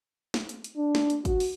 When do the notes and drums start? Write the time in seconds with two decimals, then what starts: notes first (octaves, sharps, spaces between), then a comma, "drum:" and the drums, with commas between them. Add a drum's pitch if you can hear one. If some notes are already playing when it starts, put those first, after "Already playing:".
0.34 drum: snare
0.49 drum: hi-hat
0.64 drum: hi-hat
0.77 D4
0.95 drum: snare
1.10 drum: hi-hat
1.25 F#4, drum: kick, hi-hat
1.40 drum: open hi-hat